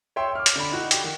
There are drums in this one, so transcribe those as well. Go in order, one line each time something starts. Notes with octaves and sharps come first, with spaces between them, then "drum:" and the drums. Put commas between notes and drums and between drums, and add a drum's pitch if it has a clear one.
C#5 E5 G5 C6
D6 F6
drum: hi-hat
D3 B5
D#4 F#4
G4, drum: hi-hat
D#3